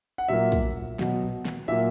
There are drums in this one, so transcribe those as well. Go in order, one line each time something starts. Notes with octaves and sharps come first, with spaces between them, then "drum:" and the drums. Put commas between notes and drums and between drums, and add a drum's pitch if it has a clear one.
F#5
A#2 F#3 A#3 E5
drum: kick, hi-hat
B2 F#3 B3, drum: snare
drum: snare
A#2 F#3 A#3 E5